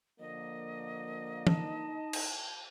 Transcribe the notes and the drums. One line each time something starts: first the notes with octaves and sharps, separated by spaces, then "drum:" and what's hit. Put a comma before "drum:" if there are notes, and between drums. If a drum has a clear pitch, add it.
D3 F3 A#3 D#5
D#4 A5, drum: tom
drum: cymbal